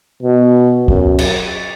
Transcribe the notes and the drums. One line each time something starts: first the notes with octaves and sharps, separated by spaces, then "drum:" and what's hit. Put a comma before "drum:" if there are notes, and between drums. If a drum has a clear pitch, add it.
B2
F#2, drum: kick
drum: cymbal